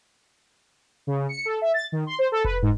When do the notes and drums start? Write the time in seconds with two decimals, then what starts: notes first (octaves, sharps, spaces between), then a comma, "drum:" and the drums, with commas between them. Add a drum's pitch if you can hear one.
1.07 C#3
1.29 C#7
1.45 A4
1.62 E5
1.74 A6
1.92 D#3
2.07 C6
2.19 C5
2.32 A4
2.44 B4, drum: kick F1
2.62 G#2